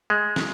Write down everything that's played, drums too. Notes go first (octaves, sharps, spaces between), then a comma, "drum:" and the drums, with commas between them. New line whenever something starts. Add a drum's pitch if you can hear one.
G#3
drum: snare